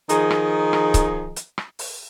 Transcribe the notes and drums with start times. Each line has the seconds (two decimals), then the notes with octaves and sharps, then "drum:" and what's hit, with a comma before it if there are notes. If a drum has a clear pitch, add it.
0.09 D#3 F3 D#4 G#4, drum: hi-hat
0.30 drum: rim click
0.73 drum: rim click
0.94 drum: kick C#1, hi-hat
1.36 drum: hi-hat
1.58 drum: rim click
1.79 drum: open hi-hat